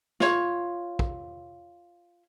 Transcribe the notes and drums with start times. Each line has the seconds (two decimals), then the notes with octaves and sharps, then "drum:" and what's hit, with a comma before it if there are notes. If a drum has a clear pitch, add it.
0.20 F4 C#5, drum: snare
0.99 drum: kick